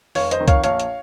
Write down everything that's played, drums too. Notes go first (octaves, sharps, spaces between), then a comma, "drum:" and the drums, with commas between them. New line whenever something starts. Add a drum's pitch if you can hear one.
F1 C#5 F5, drum: open hi-hat
C5 D#5, drum: hi-hat
F2 D#3
C#5 F5, drum: kick, hi-hat
A#1 C#5 F5, drum: hi-hat
drum: hi-hat